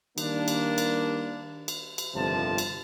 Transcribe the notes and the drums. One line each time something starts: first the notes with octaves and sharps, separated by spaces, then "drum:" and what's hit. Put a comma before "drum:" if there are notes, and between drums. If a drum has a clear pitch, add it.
D#3 G3 A#3 D4, drum: cymbal
drum: cymbal
drum: cymbal
drum: cymbal
drum: cymbal
G1 F2 C3 D#3 F3 A5
drum: cymbal